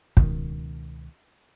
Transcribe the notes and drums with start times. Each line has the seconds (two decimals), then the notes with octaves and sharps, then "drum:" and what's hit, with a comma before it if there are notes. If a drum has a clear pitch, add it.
0.17 C#2 B2 D#3, drum: kick